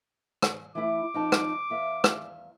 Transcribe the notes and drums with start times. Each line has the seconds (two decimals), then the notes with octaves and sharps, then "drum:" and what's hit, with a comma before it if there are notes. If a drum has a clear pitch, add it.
0.42 drum: rim click
0.75 E3 A3 E4 D6
1.14 F2 D#4 A5
1.32 drum: rim click
1.70 E2 E5 F5
2.04 drum: rim click